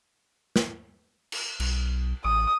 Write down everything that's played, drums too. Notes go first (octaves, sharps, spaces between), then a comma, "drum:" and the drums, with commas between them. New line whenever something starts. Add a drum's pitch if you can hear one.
drum: snare
drum: cymbal
B1, drum: cymbal
A1 D#6